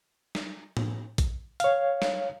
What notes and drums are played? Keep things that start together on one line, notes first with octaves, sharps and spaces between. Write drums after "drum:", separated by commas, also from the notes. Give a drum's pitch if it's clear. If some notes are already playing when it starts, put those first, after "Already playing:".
drum: snare
drum: tom A2
drum: kick A#1, hi-hat
C#5 F5, drum: hi-hat
drum: snare